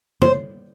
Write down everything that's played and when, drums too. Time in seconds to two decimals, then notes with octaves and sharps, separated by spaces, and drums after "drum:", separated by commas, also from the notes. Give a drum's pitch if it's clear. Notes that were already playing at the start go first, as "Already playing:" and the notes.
0.22 C5, drum: tom